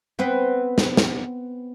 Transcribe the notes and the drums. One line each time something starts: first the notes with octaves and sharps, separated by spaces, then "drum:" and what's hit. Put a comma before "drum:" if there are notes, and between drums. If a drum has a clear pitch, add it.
B3 C4 B4
drum: snare
drum: snare